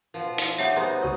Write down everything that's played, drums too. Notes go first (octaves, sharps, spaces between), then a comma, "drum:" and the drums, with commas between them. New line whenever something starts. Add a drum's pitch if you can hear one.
B2 F3
drum: hi-hat
G3 D#4 C#5 E5 F#5
B3 G#4 C5 A#5
C#2 F#4 C#5